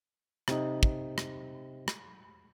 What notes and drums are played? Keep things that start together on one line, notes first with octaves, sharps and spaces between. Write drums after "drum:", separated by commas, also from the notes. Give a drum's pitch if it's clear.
C3 D#4, drum: rim click
drum: kick
drum: rim click
drum: rim click